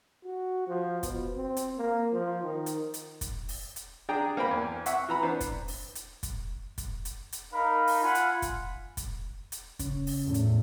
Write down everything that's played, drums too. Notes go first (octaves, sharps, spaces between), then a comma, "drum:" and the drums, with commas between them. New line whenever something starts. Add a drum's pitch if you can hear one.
F#4
F3
B2, drum: kick, hi-hat
C4
drum: hi-hat
A#3
F3
D#3
drum: hi-hat
drum: hi-hat
drum: kick, hi-hat
drum: open hi-hat
drum: hi-hat
D4 G#4 D5 G5 A#5
A#3 C5 G5 B5
E2
E5 F#5 C#6, drum: hi-hat
E3 A#5 B5
B3 D4 B4 C5
drum: kick, hi-hat
drum: open hi-hat
drum: hi-hat
drum: kick, hi-hat
drum: kick, hi-hat
drum: hi-hat
drum: hi-hat
D#4 A#4 F5 B5
drum: open hi-hat
F4 F5 F#5 G#5 B5
drum: hi-hat
drum: kick, hi-hat
drum: kick, hi-hat
drum: hi-hat
C#3 C#4, drum: kick, hi-hat
drum: open hi-hat
E2 A2
drum: hi-hat